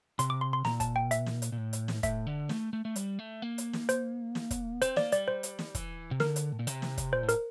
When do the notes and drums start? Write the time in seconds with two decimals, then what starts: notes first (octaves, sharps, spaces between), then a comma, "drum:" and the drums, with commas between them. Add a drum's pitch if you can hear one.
0.19 C3 C6, drum: hi-hat
0.30 D6
0.41 C6
0.53 C6
0.65 A#2 A#5, drum: snare
0.80 A5, drum: kick, hi-hat
0.96 G5
1.11 E5, drum: hi-hat
1.26 drum: snare
1.42 drum: hi-hat
1.52 A#2
1.58 A2
1.73 drum: hi-hat
1.88 drum: snare
2.03 A2 E5, drum: kick, hi-hat
2.27 D3
2.49 A3, drum: snare
2.73 A3
2.85 A3
2.96 G3, drum: hi-hat
3.19 A3
3.42 A#3
3.58 drum: hi-hat
3.73 drum: snare
3.89 C5, drum: hi-hat
4.35 drum: snare
4.51 drum: kick, hi-hat
4.82 C4 C5, drum: hi-hat
4.96 A#3 D5, drum: snare
5.12 G3 D5, drum: hi-hat
5.28 C5
5.43 drum: hi-hat
5.59 drum: snare
5.75 E3, drum: kick, hi-hat
6.11 C3
6.20 D3 A#4, drum: snare
6.36 drum: hi-hat
6.52 A2
6.59 A#2
6.67 C3, drum: hi-hat
6.82 drum: snare
6.98 drum: kick, hi-hat
7.13 A#2 C5
7.23 A2
7.29 A#4, drum: hi-hat